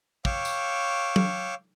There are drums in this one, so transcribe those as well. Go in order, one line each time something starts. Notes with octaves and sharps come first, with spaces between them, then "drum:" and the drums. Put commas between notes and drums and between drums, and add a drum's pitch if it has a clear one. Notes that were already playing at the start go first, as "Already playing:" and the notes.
C#5 F5 G5 C#6 D6 E6, drum: kick
drum: tambourine
drum: tom F#3